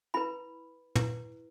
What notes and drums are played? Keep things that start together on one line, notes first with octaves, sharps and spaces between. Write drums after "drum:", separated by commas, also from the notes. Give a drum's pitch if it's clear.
E4 B4 B5
E4 B4, drum: tom